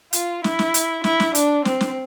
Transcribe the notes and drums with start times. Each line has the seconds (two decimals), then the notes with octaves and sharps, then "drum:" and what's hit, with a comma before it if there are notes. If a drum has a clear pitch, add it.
0.13 F4, drum: hi-hat
0.44 E4, drum: snare
0.59 drum: snare
0.74 drum: hi-hat
1.04 E4, drum: snare
1.20 drum: snare
1.35 D4, drum: hi-hat
1.65 C4, drum: snare
1.81 drum: snare